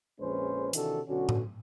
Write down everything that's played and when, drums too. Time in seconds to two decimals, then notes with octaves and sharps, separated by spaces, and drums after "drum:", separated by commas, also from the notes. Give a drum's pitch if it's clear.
0.20 A#1 F2 G#3 C#4 B4 C5
0.73 C3 D#3 E3 D4 F#4 A4, drum: hi-hat
1.07 B1 D3 C#4 F#4
1.29 drum: tom A2